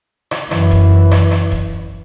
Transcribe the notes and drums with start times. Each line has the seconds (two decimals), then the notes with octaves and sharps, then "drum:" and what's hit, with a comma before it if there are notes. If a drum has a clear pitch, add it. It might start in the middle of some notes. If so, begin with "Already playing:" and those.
0.31 drum: rim click
0.51 F#2 E3, drum: rim click
0.71 drum: kick E1
1.11 drum: rim click
1.31 drum: rim click
1.52 drum: kick E1